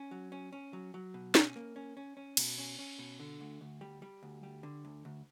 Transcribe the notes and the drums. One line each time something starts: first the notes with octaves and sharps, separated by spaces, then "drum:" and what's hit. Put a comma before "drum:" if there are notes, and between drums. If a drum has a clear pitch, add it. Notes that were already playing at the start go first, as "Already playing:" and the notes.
Already playing: C#4
F#3
C#4
C#4
F#3
F#3
B2
C#4, drum: snare
A#3
C#4
C#4
C#4
B2, drum: cymbal
C#4
C#4
B2
D3
D2
D2
G3
G3
D2
G3
D3
D2
D2